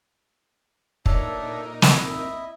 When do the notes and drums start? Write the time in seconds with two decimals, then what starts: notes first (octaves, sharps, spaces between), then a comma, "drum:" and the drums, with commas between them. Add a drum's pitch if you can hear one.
1.06 A#2 D4 D#4 A4 A#4 C#5 E5, drum: kick
1.82 C4 E4 D#5 E5, drum: snare